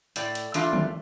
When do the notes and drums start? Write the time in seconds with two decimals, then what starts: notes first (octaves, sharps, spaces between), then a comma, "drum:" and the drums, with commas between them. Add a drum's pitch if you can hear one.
0.16 A2 D5, drum: hi-hat
0.35 drum: hi-hat
0.54 E3 A3 D4 F4, drum: hi-hat
0.73 drum: tom D3